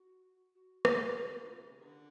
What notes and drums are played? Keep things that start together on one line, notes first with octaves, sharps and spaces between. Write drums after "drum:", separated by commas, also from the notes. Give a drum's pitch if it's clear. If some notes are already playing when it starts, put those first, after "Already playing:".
Already playing: F#4
F#4
drum: rim click
G4
F#4
F4
F#4
D3 F4
C#3
C3
C#3
G4
D#3
D3